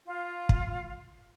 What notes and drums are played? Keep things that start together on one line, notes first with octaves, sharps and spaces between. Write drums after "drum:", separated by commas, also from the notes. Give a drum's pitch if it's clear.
F4
drum: kick